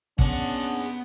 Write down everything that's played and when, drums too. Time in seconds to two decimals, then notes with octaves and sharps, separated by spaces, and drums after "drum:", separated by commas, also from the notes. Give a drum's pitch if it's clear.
0.19 B3 C#4 D4 G#4 F#5, drum: kick